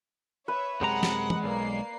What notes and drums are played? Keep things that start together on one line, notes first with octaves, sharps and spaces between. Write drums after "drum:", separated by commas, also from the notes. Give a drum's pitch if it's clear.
B4 C#5 E5
F#2 C3 G#3 F#5 A#5
drum: snare
drum: tom E3
B1 A#3 D5 C7